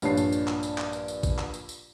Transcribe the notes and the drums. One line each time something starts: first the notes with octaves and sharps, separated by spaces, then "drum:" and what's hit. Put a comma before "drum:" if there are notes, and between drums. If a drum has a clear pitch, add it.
A#1 G2 D4 C#5 A5 C7, drum: tambourine
drum: tambourine
drum: tambourine
drum: clap
drum: tambourine
drum: clap
drum: tambourine
drum: tambourine
drum: kick G#1, tambourine
drum: clap
drum: tambourine
drum: tambourine